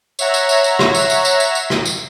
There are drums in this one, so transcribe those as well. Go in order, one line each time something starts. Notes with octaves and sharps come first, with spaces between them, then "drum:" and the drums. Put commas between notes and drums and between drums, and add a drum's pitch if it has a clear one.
C#5 E5 F#5 A#5, drum: tambourine
drum: tambourine
drum: tambourine
drum: tambourine
drum: rim click
drum: tambourine
drum: tambourine
drum: tambourine
drum: tambourine
drum: tambourine
drum: rim click
drum: tambourine